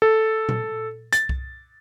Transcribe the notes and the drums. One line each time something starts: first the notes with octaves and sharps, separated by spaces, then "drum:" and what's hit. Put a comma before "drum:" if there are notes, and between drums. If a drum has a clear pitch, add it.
A4
drum: tom A#2
A6, drum: hi-hat
drum: kick C2